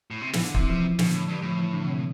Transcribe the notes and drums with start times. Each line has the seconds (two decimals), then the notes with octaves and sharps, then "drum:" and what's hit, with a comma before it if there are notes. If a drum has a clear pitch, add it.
0.11 A2
0.21 C3
0.33 E3, drum: snare
0.44 D3
0.54 C3 E3, drum: kick
0.70 F3
0.84 E3
0.99 B2 D3, drum: snare
1.13 A2
1.28 G2 G3
1.42 A2 F3
1.59 E3
1.73 D3
1.86 C3